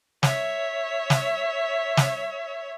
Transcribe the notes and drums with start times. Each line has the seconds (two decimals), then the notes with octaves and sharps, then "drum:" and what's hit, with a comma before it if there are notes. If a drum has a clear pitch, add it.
0.23 C#5 E5, drum: snare
1.10 drum: snare
1.97 drum: snare